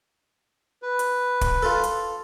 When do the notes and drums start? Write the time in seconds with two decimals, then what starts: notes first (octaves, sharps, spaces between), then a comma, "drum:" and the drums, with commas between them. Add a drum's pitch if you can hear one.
0.82 B4
0.99 drum: hi-hat
1.41 drum: kick, hi-hat
1.62 F4 A4
1.84 drum: hi-hat